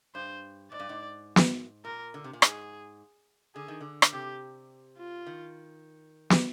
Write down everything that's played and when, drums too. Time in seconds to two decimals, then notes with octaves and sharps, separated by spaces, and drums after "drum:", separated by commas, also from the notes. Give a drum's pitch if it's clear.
0.15 G2 C5
0.71 G#2 D5
0.79 G2
0.89 G#2
1.36 drum: snare
1.85 A#2 A#4
2.14 D3
2.24 C3
2.33 A#2
2.42 G#2 G#4, drum: rim click
3.55 D3 G#4
3.68 D#3
3.81 D3
4.02 drum: rim click
4.13 C3 G4
4.98 F4
5.27 D#3
6.30 G3, drum: snare